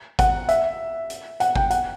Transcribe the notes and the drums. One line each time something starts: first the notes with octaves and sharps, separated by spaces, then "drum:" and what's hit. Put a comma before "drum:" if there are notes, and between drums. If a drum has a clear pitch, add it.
F#5, drum: kick, hi-hat
E5, drum: hi-hat
drum: hi-hat
F#5, drum: hi-hat
G5, drum: kick
F#5, drum: hi-hat